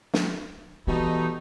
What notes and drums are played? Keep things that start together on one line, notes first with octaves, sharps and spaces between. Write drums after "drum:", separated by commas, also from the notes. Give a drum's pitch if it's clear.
drum: snare
B2 E3 G3 A3 D#4